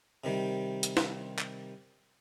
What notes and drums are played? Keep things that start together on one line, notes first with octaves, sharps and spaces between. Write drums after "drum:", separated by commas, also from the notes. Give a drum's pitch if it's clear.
C3 D#3 G3
drum: hi-hat
drum: snare
drum: clap